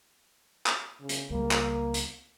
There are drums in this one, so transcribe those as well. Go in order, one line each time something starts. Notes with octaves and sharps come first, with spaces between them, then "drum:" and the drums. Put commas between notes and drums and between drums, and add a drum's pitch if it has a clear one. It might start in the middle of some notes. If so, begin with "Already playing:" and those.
drum: clap
C#3
drum: hi-hat
C#2 G3 A#3
drum: clap
drum: hi-hat